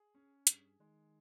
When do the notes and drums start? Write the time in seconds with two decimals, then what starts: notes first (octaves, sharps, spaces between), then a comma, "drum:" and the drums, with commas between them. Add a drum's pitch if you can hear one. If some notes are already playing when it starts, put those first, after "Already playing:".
Already playing: G#4
0.14 C#4
0.47 G2 G#4, drum: hi-hat
0.79 D#3 G#3